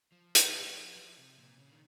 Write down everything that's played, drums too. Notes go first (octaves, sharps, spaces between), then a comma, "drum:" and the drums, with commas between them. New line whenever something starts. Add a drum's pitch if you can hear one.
F3
drum: hi-hat
F3
C3
A#2
C#3
D#3